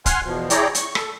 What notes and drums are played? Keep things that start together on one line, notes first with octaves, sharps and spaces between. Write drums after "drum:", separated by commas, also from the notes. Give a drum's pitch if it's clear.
F#5 G#5 C6 F6, drum: kick C#1, hi-hat
E2 B2 F3
E4 G#4 C#5 D5 G5 A#5, drum: hi-hat
C#6, drum: hi-hat
A4, drum: rim click